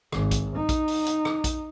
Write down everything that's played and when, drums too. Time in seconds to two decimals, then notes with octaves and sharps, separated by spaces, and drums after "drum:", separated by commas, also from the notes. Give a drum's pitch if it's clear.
0.13 G#1, drum: rim click
0.31 drum: kick A#1, hi-hat
0.56 D#4
0.69 drum: kick A#1, hi-hat
0.88 drum: open hi-hat
1.06 drum: hi-hat
1.25 drum: rim click
1.44 drum: kick A#1, hi-hat